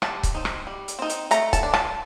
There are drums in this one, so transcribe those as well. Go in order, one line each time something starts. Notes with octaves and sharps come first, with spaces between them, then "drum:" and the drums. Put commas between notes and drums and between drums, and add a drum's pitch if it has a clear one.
G3 A5, drum: rim click
drum: kick C#1, hi-hat
C4 D#4
drum: rim click
G3
drum: hi-hat
C4 D#4
drum: hi-hat
A3 A#5, drum: hi-hat
A5, drum: kick C#1, hi-hat
D4
A5, drum: rim click